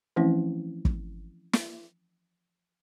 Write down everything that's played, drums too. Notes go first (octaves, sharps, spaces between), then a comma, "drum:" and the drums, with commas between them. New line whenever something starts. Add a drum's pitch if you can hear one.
E3 F3 A3 C4 C#4 E4
drum: kick
drum: snare